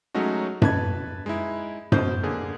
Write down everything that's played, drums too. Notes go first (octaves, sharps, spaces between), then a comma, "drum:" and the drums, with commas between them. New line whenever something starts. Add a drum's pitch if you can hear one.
F#3 G#3 A3 C#4 D#4 F#4
B4 A5 G#6, drum: tom F#2
G#3 D#4 E4
B2 C5 G6, drum: tom F#2
D3 A#3 G#4